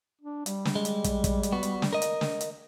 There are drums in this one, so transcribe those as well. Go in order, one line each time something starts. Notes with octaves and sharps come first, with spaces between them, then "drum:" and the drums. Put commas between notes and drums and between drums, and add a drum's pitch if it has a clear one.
D4
G3, drum: hi-hat
drum: snare
G#3
drum: hi-hat
drum: kick, hi-hat
drum: kick, hi-hat
drum: hi-hat
B3 F#4
drum: hi-hat
drum: snare
A#4 D#5
drum: hi-hat
drum: snare
drum: hi-hat